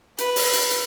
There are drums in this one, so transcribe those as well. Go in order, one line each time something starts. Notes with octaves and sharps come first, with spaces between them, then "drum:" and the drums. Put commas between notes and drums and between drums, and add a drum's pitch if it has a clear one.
B4, drum: hi-hat
drum: open hi-hat
drum: hi-hat
drum: hi-hat